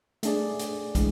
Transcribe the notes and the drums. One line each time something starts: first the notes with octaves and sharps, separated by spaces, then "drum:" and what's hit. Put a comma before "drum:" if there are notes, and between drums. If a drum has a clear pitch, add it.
A3 D4 G#4 D5, drum: hi-hat
drum: hi-hat
E3 G#3, drum: kick, hi-hat